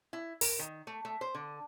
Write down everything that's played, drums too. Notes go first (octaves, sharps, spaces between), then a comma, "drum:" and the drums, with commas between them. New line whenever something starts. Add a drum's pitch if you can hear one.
E4
A#4, drum: open hi-hat
D#3
A3
A3
C5
D3